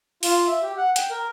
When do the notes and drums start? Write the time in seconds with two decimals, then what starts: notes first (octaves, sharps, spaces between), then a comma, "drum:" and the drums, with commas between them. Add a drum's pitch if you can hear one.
0.23 F4, drum: open hi-hat
0.47 E5
0.62 G4
0.77 F#5
0.96 G5, drum: hi-hat
1.10 A#4